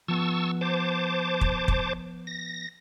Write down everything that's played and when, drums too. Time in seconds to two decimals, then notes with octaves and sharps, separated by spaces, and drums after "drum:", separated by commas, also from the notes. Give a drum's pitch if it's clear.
0.08 F3 B3 A5 C#6 E6
0.61 C5 A5 D6
1.41 drum: kick
1.68 drum: kick
2.27 A#6